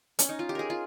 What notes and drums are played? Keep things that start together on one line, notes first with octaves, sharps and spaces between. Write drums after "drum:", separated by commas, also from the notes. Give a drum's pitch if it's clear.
C#4, drum: hi-hat
D#4
F4
G4
G#4 A#4
F4